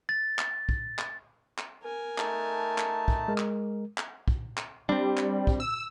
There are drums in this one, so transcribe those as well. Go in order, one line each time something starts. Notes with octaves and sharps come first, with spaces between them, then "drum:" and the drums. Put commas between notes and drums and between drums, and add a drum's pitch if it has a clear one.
A6
drum: clap
drum: kick
drum: clap
drum: clap
A#4 G#5
A3 D#4 A5, drum: clap
drum: clap
drum: kick
G#3 A#4
drum: clap
drum: clap
drum: kick
drum: clap
G3 C4 D4
drum: clap
drum: kick
E6